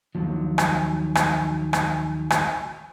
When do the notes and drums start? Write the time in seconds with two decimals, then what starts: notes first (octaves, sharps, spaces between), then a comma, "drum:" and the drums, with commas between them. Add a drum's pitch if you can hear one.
0.15 D#2 F3 F#3
0.58 drum: rim click
1.15 drum: rim click
1.73 drum: rim click
2.30 drum: rim click